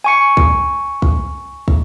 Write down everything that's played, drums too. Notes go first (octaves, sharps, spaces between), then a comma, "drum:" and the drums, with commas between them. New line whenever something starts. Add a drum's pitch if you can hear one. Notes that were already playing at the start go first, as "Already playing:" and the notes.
G#5 C#6 C#7
drum: kick
drum: kick
drum: kick